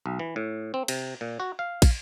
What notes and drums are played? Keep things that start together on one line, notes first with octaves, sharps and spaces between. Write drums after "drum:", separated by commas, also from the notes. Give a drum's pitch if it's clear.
B1
E3
A2
C4
C3, drum: cymbal
A#2
F#4
F5
drum: kick, cymbal